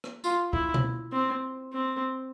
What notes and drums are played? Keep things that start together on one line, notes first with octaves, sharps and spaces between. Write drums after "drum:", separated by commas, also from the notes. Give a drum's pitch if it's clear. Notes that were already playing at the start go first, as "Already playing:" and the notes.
drum: rim click
F4, drum: tambourine
E4, drum: kick C#2
drum: tom B2
C4
C4